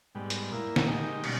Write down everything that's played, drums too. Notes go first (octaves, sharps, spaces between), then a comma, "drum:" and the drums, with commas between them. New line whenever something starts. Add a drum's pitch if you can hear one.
G#2 G3 B3
drum: hi-hat
A#2 A#3 E4
drum: snare
D#3 G#3 D#4 G4
B2 G3 C#4, drum: cymbal